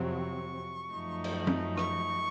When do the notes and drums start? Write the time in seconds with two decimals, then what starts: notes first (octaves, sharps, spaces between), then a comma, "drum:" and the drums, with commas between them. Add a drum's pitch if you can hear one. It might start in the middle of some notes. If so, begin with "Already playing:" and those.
Already playing: F2 C3 F#3 C4
0.08 C#6
0.92 F#2 F3 A3 D#4
1.24 drum: cymbal
1.47 drum: tom F3
1.78 C#6, drum: rim click